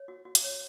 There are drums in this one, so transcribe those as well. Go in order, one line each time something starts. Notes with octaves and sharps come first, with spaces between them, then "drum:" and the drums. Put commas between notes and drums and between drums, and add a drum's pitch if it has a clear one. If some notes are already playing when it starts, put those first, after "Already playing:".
Already playing: C#5
F#4
F#4
drum: hi-hat
C#5